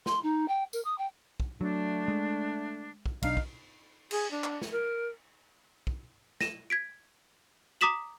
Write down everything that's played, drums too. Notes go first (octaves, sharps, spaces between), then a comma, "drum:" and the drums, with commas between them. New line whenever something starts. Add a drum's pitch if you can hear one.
C6, drum: snare
D#4
G5
A#4, drum: tambourine
D#6
G5
drum: kick
D3 F#3 A3 D4
G#3
drum: kick
B1 D4 D#4 F5, drum: cymbal
drum: kick
G#4, drum: cymbal
D4
drum: clap
drum: snare
A#4
drum: kick
A#6 D#7 E7, drum: snare
G#6 B6 D7
A#5 D6 D#6 B6 E7 F#7